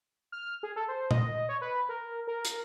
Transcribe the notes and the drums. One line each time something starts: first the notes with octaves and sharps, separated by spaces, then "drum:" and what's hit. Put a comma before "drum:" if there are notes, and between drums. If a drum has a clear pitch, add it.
F6
G#4
A4
C5
D#5, drum: tom A#2
C#5
B4
A#4
A#4
drum: hi-hat